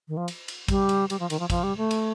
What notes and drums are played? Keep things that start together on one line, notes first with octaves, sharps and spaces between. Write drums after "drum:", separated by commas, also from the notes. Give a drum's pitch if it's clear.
D#3
F3
drum: cymbal
drum: cymbal
G3, drum: kick, cymbal
drum: cymbal
G3, drum: cymbal
F3
D#3, drum: cymbal
F3
F3, drum: kick, cymbal
G3
A3
drum: cymbal